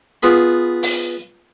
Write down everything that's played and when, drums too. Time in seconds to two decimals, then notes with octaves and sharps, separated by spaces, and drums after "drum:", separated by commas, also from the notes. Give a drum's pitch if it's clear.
0.23 B3 F4 G#4 B5
0.83 drum: open hi-hat